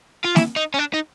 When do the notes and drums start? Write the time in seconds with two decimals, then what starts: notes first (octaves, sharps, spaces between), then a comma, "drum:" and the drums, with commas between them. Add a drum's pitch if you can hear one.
0.25 F4
0.36 E4, drum: snare
0.56 D#4
0.74 C#4
0.79 D4
0.94 D#4